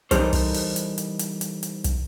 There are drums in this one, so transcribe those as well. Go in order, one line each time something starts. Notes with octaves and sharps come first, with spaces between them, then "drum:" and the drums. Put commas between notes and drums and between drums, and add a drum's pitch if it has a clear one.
E3 G3 D#4 A4 A#4 C5, drum: kick, hi-hat
drum: kick, open hi-hat
drum: open hi-hat
drum: hi-hat
drum: hi-hat
drum: hi-hat
drum: hi-hat
drum: hi-hat
drum: kick, hi-hat